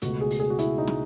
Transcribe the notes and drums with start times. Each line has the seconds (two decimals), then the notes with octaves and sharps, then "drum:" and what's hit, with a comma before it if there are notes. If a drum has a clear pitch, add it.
0.02 C#2 B2 A3 F#4, drum: hi-hat
0.21 G#4
0.30 drum: open hi-hat
0.40 G#4
0.50 F#4
0.59 E4, drum: hi-hat
0.78 D#4
0.87 drum: snare